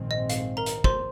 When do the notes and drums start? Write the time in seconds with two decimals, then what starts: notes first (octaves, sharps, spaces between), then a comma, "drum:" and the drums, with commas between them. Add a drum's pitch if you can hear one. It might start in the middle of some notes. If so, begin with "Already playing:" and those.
Already playing: A#1 G#2 D#3 G#3 C4
0.11 D#5
0.29 F5, drum: hi-hat
0.57 A#4 A#5
0.66 drum: hi-hat
0.84 C5 C6, drum: kick